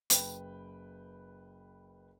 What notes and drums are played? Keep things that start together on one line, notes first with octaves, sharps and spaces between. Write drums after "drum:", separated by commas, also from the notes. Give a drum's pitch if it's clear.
F#1 B4 G5, drum: hi-hat